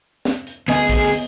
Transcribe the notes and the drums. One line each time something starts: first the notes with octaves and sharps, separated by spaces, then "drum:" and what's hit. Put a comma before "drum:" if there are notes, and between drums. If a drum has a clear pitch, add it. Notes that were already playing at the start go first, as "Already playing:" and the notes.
drum: snare
drum: hi-hat
D2 B3 G#4 D#5, drum: hi-hat
drum: kick, hi-hat
drum: open hi-hat